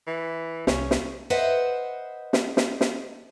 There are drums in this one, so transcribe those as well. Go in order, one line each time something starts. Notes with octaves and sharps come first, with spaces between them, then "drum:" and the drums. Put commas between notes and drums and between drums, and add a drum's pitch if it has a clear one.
E3
C2 C#4, drum: snare
drum: snare
B4 C5 D#5 E5 F#5
drum: snare
drum: snare
drum: snare